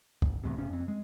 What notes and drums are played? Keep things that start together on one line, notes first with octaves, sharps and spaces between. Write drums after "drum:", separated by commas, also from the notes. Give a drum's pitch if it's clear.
G1, drum: kick
E2 A2 C3
F#1 C3 C#4
F2 C4
G#3